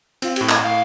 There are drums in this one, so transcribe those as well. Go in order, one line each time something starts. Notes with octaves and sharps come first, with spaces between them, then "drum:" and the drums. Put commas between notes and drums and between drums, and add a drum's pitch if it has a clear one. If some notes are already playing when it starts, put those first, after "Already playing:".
C4 F4, drum: cymbal
G4, drum: cymbal
A2
D#5, drum: clap
A2 F5